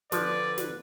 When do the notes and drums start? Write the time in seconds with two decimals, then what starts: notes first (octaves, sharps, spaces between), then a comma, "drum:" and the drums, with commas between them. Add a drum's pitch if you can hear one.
0.12 D3 F3 B4 D5, drum: snare
0.58 drum: snare